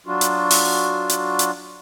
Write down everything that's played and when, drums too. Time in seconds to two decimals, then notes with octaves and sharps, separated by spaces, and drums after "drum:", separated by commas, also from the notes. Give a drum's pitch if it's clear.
0.06 F#3 D4 F4 F#4
0.21 drum: hi-hat
0.51 drum: open hi-hat
1.10 drum: hi-hat
1.39 drum: hi-hat